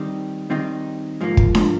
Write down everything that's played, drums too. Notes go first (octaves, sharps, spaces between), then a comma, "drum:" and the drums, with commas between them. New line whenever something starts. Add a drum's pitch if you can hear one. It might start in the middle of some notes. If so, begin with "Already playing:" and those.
Already playing: D#3 G3 C4 D#4 G4
D#3 G3 C4 D#4 G4
G#2 F3 A#3
drum: kick
drum: snare D4